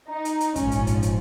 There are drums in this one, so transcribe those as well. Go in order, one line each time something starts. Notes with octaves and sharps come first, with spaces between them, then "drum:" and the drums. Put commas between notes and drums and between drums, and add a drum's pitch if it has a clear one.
D#4
drum: hi-hat
drum: hi-hat
A#1 G#2 F3 C#4, drum: kick, hi-hat
drum: hi-hat
drum: kick, hi-hat
drum: hi-hat